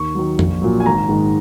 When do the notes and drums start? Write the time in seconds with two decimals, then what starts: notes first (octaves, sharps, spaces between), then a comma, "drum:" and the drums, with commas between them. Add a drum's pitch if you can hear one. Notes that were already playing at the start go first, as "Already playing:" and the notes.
Already playing: D#2 C#6
0.15 D#3 F#3
0.39 A#1, drum: tom F2
0.62 A#2 F#3
0.80 G#5
0.86 G#1 A#5
1.09 G#2 D#3